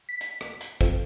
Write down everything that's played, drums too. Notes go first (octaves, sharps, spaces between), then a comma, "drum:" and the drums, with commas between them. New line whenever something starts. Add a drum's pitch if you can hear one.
B6
drum: hi-hat
drum: rim click
drum: hi-hat
F2, drum: kick, hi-hat